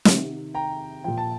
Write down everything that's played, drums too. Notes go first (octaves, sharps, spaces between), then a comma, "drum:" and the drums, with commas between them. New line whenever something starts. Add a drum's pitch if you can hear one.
C3 D#3, drum: snare
G5 A#5
A#2 F3 G5
A5